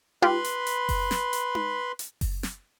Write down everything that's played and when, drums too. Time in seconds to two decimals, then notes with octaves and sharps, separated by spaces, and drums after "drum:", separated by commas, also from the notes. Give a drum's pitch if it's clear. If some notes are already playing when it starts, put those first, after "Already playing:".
0.22 F4 G4 B4 B5 C6, drum: tom D#4
0.44 drum: hi-hat
0.67 drum: hi-hat
0.89 drum: kick F#1, open hi-hat
1.11 drum: snare
1.33 drum: hi-hat
1.55 drum: tom D#4
1.99 drum: hi-hat
2.21 drum: kick F#1, open hi-hat
2.43 drum: snare